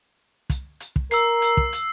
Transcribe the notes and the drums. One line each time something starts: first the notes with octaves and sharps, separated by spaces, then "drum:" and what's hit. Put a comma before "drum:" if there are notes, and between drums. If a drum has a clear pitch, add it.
drum: kick, hi-hat
drum: hi-hat
drum: kick
A#4 E6 C7, drum: hi-hat
drum: hi-hat
drum: kick
drum: hi-hat